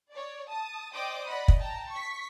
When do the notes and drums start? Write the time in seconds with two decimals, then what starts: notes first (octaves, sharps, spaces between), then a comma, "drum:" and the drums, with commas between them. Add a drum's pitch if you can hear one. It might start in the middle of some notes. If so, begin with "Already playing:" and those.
0.11 C#5 D5
0.50 A5 D#6
0.93 C5 D5 D#5 G5 D6 D#6
1.27 D5 D#5 F#5 B5
1.48 drum: kick
1.59 G5 A5 A#5
1.91 C#6 B6